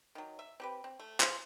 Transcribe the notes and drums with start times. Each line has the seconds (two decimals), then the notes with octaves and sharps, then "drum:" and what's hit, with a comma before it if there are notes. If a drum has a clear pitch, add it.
0.15 D#3 F#3
0.39 E5
0.60 C4 G4 B4
0.84 C4
0.99 A3
1.20 F4 G#4 C5, drum: clap